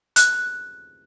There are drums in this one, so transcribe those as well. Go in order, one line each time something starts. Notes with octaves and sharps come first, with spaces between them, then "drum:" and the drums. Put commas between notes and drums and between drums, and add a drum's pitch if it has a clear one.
F#6, drum: hi-hat